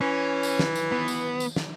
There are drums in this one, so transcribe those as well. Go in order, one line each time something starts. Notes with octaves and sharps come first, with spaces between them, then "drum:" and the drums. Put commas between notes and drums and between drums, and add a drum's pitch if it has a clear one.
E3 C#4
drum: tambourine
drum: snare
drum: tambourine
B3
drum: tambourine
drum: tambourine
drum: snare